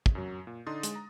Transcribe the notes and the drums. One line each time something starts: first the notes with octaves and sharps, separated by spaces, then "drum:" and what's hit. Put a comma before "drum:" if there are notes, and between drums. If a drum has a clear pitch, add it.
drum: kick
F#2 F#3
A#2
D3 D4 D#4 C6 D#6 A6
G#3, drum: hi-hat
A#5